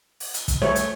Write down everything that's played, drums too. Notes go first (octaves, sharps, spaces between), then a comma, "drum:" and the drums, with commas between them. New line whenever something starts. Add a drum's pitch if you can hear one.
drum: open hi-hat
drum: hi-hat
drum: kick, hi-hat
A3 C#5, drum: snare
drum: hi-hat